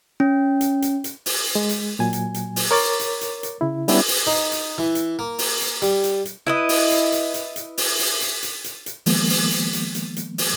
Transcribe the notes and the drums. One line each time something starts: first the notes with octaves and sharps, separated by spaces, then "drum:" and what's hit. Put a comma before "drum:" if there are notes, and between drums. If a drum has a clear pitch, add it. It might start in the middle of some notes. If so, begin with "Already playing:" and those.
C#4
drum: hi-hat
drum: hi-hat
drum: hi-hat
drum: open hi-hat
G#3
drum: hi-hat
A#2 F#3 G#5
drum: hi-hat
drum: hi-hat
drum: open hi-hat
A#4 C#5 D6 A6
drum: hi-hat
drum: hi-hat
drum: hi-hat
C#3 E4
G3 B3 C#4 D4 E4 G4, drum: open hi-hat
drum: open hi-hat
D#4
drum: hi-hat
E3
drum: hi-hat
A#3
drum: open hi-hat
drum: hi-hat
G3, drum: hi-hat
drum: hi-hat
drum: hi-hat
E4 B4 D#5
drum: open hi-hat
drum: hi-hat
drum: hi-hat
drum: hi-hat
drum: hi-hat
drum: open hi-hat
drum: open hi-hat
drum: hi-hat
drum: hi-hat
drum: hi-hat
drum: hi-hat
D#3 F3 G#3 A#3 B3, drum: open hi-hat
drum: open hi-hat
drum: hi-hat
drum: hi-hat
drum: hi-hat
drum: hi-hat
drum: open hi-hat